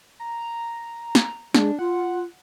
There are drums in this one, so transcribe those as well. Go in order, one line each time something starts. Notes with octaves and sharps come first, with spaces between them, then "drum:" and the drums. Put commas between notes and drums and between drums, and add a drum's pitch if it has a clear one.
A#5
drum: snare
G#3 D4, drum: snare
F4 F#5